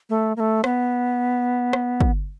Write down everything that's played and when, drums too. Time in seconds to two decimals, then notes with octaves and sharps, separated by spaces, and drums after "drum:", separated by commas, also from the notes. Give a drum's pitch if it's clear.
0.10 A3
0.37 A#3
0.40 A3
0.64 B3, drum: rim click
1.73 drum: rim click
2.01 drum: kick